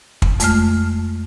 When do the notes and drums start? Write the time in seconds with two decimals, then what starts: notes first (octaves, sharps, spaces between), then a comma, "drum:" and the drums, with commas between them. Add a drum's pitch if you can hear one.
0.22 drum: kick
0.40 F2 G#3 A3 F6, drum: hi-hat